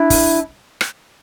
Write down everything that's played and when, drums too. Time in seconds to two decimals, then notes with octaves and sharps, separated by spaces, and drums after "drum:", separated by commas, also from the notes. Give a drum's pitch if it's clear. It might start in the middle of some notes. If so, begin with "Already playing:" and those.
Already playing: D4 E4
0.10 drum: kick, open hi-hat
0.81 drum: rim click